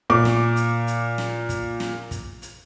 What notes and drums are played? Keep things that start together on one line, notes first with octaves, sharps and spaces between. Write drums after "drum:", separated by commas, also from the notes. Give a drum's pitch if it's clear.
A#2 D6, drum: kick
drum: snare
drum: hi-hat
drum: hi-hat
drum: snare
drum: kick, hi-hat
drum: snare
drum: kick, hi-hat
drum: hi-hat